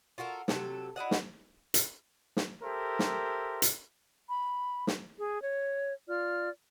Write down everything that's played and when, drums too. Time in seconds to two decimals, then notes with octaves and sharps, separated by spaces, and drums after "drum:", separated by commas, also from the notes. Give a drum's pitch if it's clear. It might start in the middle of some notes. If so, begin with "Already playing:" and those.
0.18 F4 F#4 A4 A#4
0.48 C3 F#3 A4, drum: snare
0.96 E4 F#4 D#5 F#5
1.11 drum: snare
1.74 drum: hi-hat
2.37 drum: snare
2.63 G4 A4 A#4 C5 E5
2.99 drum: snare
3.62 drum: hi-hat
4.29 B5
4.87 drum: snare
5.19 G#4
5.41 C#5
6.08 F4 D5 F6